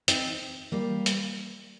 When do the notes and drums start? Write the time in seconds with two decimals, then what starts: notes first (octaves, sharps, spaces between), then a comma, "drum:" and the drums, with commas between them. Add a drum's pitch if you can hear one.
0.08 C4 D#4, drum: hi-hat
0.72 G3 A#3
1.06 drum: hi-hat